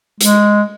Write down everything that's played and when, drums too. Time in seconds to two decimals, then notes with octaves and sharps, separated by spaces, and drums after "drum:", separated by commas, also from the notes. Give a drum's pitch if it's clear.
0.21 G#3, drum: hi-hat